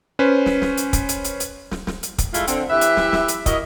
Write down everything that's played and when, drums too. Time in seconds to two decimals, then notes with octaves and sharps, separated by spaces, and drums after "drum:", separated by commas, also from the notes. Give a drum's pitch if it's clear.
0.19 C#4 B4 C5
0.46 drum: snare
0.62 drum: snare
0.77 drum: hi-hat
0.93 drum: kick, hi-hat
1.09 drum: hi-hat
1.24 drum: hi-hat
1.40 drum: hi-hat
1.71 drum: snare
1.87 drum: snare
2.03 drum: hi-hat
2.18 drum: kick, hi-hat
2.34 G#3 A3 E4 F4 E5, drum: hi-hat
2.47 D3 C4, drum: hi-hat
2.70 E3 G4 B4 E5
2.81 drum: hi-hat
2.97 drum: snare
3.13 drum: snare
3.28 drum: hi-hat
3.46 E4 F#4 A#4 D#5, drum: kick, hi-hat